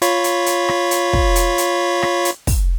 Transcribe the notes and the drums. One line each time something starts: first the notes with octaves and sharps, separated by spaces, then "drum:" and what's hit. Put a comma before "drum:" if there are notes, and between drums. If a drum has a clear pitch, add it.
F4 C#5 B5, drum: hi-hat
drum: hi-hat
drum: hi-hat
drum: rim click
drum: hi-hat
drum: kick
drum: hi-hat
drum: hi-hat
drum: rim click
drum: hi-hat
drum: kick, open hi-hat